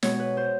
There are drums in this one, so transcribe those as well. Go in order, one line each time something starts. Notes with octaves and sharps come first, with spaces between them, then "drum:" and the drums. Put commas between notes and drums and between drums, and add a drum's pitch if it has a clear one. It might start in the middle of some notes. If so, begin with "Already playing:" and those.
B2 G#3 C#5, drum: snare
B4
C5